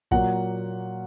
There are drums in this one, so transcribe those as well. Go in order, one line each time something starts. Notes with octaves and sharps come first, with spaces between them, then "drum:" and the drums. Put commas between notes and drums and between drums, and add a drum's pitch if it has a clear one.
A#2 F#3 A#3 F#5, drum: kick